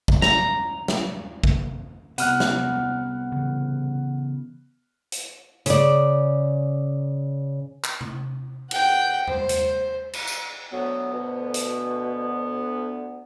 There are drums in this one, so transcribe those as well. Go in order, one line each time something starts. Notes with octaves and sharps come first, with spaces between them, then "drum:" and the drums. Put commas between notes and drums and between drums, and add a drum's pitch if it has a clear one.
drum: kick A1
A#5, drum: snare
drum: snare
drum: kick A1
C2 C3 B3 F#5 F6 F#6, drum: hi-hat
drum: snare
C#3 E3
drum: hi-hat
C#3 D5, drum: hi-hat
drum: clap
drum: tom C3
F#5 G5, drum: cymbal
C5, drum: tom E2
drum: hi-hat
drum: cymbal
drum: tambourine
D2 F#3 B3
B2
drum: hi-hat